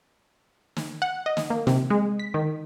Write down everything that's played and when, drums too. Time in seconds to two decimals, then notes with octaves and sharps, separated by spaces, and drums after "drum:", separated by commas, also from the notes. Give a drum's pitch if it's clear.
0.76 drum: snare
1.02 F#5
1.26 D#5
1.37 drum: snare
1.50 A#3
1.67 C3, drum: snare
1.90 G#3
2.19 B6
2.34 D#3